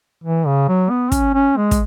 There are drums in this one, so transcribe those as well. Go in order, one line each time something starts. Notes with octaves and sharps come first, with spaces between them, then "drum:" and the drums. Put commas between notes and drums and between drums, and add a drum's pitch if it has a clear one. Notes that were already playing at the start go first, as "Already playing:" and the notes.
E3
C#3
F#3
B3
C#4, drum: kick, hi-hat
C#4
G#3
drum: kick, hi-hat